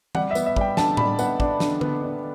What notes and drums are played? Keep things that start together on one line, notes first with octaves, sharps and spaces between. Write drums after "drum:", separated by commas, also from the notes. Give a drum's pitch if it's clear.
G3 F#5, drum: tom E3
E5
B3, drum: tambourine
E5
G3 G5, drum: kick
D3 A5, drum: snare
G3 B5, drum: tom A2
B3 F#5, drum: tambourine
D4, drum: kick
D3, drum: snare
B3, drum: tom D3
D4